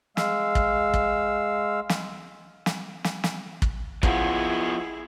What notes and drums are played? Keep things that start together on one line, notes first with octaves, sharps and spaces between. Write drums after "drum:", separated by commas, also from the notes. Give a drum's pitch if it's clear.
G#3 F5 E6, drum: snare
drum: kick
drum: kick
drum: snare
drum: snare
drum: snare
drum: snare
drum: kick
F3 B3 E4 G#4, drum: kick